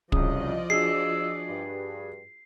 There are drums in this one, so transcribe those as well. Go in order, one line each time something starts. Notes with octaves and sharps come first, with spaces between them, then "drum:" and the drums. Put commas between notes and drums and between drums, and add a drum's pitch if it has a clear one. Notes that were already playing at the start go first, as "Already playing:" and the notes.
C2 C#3 F3 F#3 D5 D#5 D#6, drum: kick
D4 F#4 G#4 E6 C7
G2